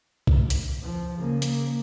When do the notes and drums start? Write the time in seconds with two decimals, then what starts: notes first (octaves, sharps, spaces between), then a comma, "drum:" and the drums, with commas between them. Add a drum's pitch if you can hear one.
0.27 drum: kick
0.50 drum: hi-hat
0.82 F3
1.19 C#3 A#3
1.42 drum: hi-hat